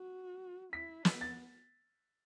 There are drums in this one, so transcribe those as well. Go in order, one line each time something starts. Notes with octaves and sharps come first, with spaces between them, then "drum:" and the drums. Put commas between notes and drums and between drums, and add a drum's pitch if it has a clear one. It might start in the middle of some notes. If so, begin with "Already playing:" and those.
Already playing: F#4
E4 B6
B3, drum: snare
A6